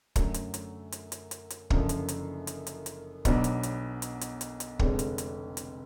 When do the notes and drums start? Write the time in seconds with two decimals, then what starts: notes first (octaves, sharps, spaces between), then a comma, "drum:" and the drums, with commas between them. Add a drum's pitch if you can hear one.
0.16 F#2 D3 F#3 A3, drum: kick, hi-hat
0.34 drum: hi-hat
0.54 drum: hi-hat
0.92 drum: hi-hat
1.12 drum: hi-hat
1.31 drum: hi-hat
1.50 drum: hi-hat
1.70 F#1 F#2 D3 F3, drum: kick
1.89 drum: hi-hat
2.09 drum: hi-hat
2.47 drum: hi-hat
2.67 drum: hi-hat
2.86 drum: hi-hat
3.25 B1 B2 F#3 B3 D4, drum: kick, hi-hat
3.44 drum: hi-hat
3.63 drum: hi-hat
4.02 drum: hi-hat
4.21 drum: hi-hat
4.41 drum: hi-hat
4.60 drum: hi-hat
4.79 F1 F2 D3 G#3 C#4, drum: kick
4.99 drum: hi-hat
5.18 drum: hi-hat
5.57 drum: hi-hat